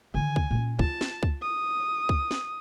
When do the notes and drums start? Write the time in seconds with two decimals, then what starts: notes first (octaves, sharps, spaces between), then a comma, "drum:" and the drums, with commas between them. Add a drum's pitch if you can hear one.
0.14 D3 D#3 G#5
0.36 drum: kick C#2
0.51 A#2 C#4
0.79 F4 A5, drum: kick C#2
1.01 drum: snare
1.23 drum: kick C#2
1.42 D#6
2.09 drum: kick C#2
2.31 drum: snare